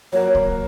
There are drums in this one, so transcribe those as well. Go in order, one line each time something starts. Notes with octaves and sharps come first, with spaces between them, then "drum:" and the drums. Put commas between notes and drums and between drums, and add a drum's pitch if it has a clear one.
F#3 A#3 F#4 A#4 C#5
drum: kick C2